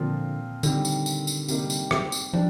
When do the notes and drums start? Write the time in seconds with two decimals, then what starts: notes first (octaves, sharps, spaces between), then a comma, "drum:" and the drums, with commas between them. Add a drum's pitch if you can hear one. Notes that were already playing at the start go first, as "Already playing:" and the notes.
Already playing: A#2 D3 F3 C4 F4 A#4
0.63 D3 D#3 G3 C4, drum: tambourine
0.85 drum: tambourine
1.06 drum: tambourine
1.27 drum: tambourine
1.48 C3 G3 A#3 D#4, drum: tambourine
1.70 drum: tambourine
1.91 drum: rim click
2.12 drum: tambourine
2.33 F3 G3 D4